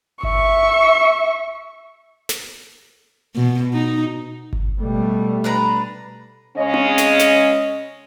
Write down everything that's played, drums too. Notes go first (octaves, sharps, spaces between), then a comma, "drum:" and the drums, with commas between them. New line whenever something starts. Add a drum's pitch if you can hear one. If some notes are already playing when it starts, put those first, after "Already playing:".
E5 C#6, drum: kick G1
drum: snare
B2
D#4
drum: kick G1
B2 G3 A3
D4 B4 A#5
C#3 G#3 C#4 D#5
drum: tom C4
drum: snare
drum: snare